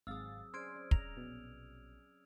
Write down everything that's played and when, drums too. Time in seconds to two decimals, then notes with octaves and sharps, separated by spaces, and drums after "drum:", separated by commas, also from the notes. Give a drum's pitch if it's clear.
0.07 G#1 F#3 C4 G#4 F5 D#6 E6 A6
0.54 C#4 G#4 C5 D5 F6 G#6 D7
0.76 C#4 D5
0.91 A#5 F7, drum: kick
1.17 A#1 B2